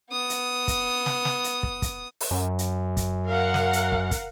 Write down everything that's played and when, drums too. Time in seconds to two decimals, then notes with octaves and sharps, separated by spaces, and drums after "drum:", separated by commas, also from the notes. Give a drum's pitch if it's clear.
0.11 B3 D#6
0.30 drum: hi-hat
0.68 drum: kick, hi-hat
1.06 drum: snare
1.25 drum: snare
1.44 drum: hi-hat
1.63 drum: kick
1.82 drum: kick, hi-hat
2.20 drum: open hi-hat
2.31 F#2
2.59 drum: hi-hat
2.97 drum: kick, hi-hat
3.27 A#4 F5 F#5
3.54 drum: snare
3.73 drum: hi-hat
3.92 drum: kick
4.11 drum: kick, hi-hat